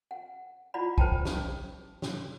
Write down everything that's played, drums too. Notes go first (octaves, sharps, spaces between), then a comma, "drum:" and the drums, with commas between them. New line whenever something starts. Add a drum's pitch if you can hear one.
F#5
E4 F4 D5 F#5 B5
B4 C5 G5 A5, drum: kick
drum: snare
drum: snare